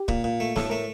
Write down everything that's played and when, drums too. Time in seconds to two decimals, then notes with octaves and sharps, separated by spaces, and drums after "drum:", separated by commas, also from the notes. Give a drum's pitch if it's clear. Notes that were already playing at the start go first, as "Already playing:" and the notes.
Already playing: G4
0.08 A#2, drum: kick
0.24 A#2
0.40 A3
0.56 A2 A4, drum: snare
0.70 A3 A#4